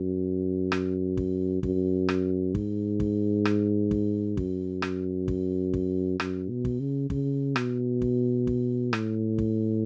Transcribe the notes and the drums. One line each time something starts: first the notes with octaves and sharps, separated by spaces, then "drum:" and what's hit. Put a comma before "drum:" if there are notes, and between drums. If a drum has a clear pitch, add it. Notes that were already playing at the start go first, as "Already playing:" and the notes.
Already playing: F#2
drum: rim click
drum: kick
F#2, drum: kick
drum: rim click
G#2, drum: kick
drum: kick
drum: rim click
drum: kick
F#2, drum: kick
drum: rim click
drum: kick
drum: kick
F#2, drum: rim click
B2
drum: kick
C#3
C#3, drum: kick
B2, drum: rim click
drum: kick
drum: kick
A2, drum: rim click
drum: kick